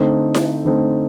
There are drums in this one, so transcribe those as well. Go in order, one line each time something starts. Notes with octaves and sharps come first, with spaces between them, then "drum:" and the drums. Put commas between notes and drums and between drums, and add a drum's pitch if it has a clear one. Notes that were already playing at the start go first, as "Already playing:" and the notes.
Already playing: D3 A3 C4 D#4
drum: snare E4
D3 A3 C4 D#4